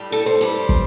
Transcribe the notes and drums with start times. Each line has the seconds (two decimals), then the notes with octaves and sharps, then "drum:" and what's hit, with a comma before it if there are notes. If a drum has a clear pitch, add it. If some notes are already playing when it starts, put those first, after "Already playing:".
Already playing: A2 G3
0.12 A4
0.26 C5
0.41 G2 G3
0.69 drum: kick